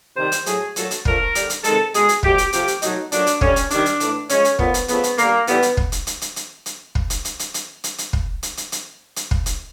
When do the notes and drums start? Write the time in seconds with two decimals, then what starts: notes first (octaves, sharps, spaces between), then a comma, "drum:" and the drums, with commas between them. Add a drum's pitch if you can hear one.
0.17 C3 D#3 G3 C5
0.32 drum: hi-hat
0.46 A2 F#3 A3 G#4, drum: hi-hat
0.76 A#2 F#3 A3 A4, drum: hi-hat
0.91 drum: hi-hat
1.05 D3 F3 A3 A#4, drum: kick
1.35 D3 G3, drum: hi-hat
1.50 drum: hi-hat
1.64 C3 D#3 G#3 A4, drum: hi-hat
1.94 B2 G#3 G#4, drum: hi-hat
2.09 drum: hi-hat
2.23 B2 F#3 A3 G4, drum: kick
2.38 drum: hi-hat
2.53 C3 F3 A3 G4, drum: hi-hat
2.68 drum: hi-hat
2.82 B2 F#3 A3 D#4, drum: hi-hat
3.12 A#2 F#3 A3 D4, drum: hi-hat
3.27 drum: hi-hat
3.41 D3 G3 C#4, drum: kick
3.56 drum: hi-hat
3.70 C3 D#3 G3 D4, drum: hi-hat
3.86 drum: hi-hat
4.00 A2 E3 A3, drum: hi-hat
4.29 C#3 F3 G#3 C#4, drum: hi-hat
4.45 drum: hi-hat
4.59 A#2 F3 A3 B3, drum: kick
4.74 drum: hi-hat
4.88 C#3 F3 A3 B3, drum: hi-hat
5.04 drum: hi-hat
5.18 D3 G3 A#3, drum: hi-hat
5.47 A2 E3 G3 B3, drum: hi-hat
5.62 drum: hi-hat
5.77 drum: kick
5.92 drum: hi-hat
6.07 drum: hi-hat
6.21 drum: hi-hat
6.36 drum: hi-hat
6.66 drum: hi-hat
6.95 drum: kick
7.10 drum: hi-hat
7.25 drum: hi-hat
7.39 drum: hi-hat
7.54 drum: hi-hat
7.84 drum: hi-hat
7.98 drum: hi-hat
8.13 drum: kick
8.43 drum: hi-hat
8.57 drum: hi-hat
8.72 drum: hi-hat
9.16 drum: hi-hat
9.31 drum: kick
9.46 drum: hi-hat